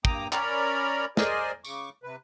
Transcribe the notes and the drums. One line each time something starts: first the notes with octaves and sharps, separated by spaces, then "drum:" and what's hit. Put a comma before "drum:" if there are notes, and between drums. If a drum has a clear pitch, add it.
G2 A#3 G5 A#5 D6 D#6, drum: kick
C#4 A#4 C#5 D5 A#5 B5, drum: clap
G#4 A#4 C5 D5 D#5 G#5, drum: snare
C#3 C#6 D6, drum: tambourine
C3 B4